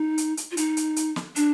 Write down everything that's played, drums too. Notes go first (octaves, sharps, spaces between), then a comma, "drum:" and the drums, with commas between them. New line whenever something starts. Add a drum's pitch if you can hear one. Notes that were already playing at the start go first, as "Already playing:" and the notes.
Already playing: D#4
drum: hi-hat
drum: hi-hat
F4
D#4, drum: hi-hat
drum: hi-hat
drum: hi-hat
drum: snare
D4, drum: hi-hat